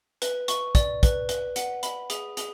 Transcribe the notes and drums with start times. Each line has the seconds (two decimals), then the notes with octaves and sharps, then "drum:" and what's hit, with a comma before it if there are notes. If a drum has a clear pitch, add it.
0.22 B4, drum: hi-hat
0.48 C#6, drum: hi-hat
0.75 D5, drum: kick, hi-hat
1.03 B4, drum: kick, hi-hat
1.29 B4, drum: hi-hat
1.56 F#5, drum: hi-hat
1.83 B5, drum: hi-hat
2.10 G#4, drum: hi-hat
2.37 G#4, drum: hi-hat